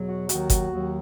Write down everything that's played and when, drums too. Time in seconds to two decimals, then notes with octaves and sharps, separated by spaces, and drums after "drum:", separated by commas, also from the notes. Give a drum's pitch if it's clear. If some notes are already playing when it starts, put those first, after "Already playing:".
Already playing: E2 B2 F#3
0.09 F#4
0.29 D#2 D#3 F#3 F#4, drum: hi-hat
0.50 drum: kick G1, hi-hat
0.70 D#2 D#3 F#3